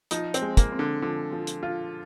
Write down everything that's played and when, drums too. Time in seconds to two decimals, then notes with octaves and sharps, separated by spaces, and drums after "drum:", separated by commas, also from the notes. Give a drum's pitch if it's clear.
0.11 F3 D#4, drum: hi-hat
0.34 C4, drum: hi-hat
0.42 G#3
0.57 A#3, drum: kick, hi-hat
0.72 C4
0.79 D3
1.02 D3 F3
1.32 F3
1.47 drum: hi-hat
1.63 F4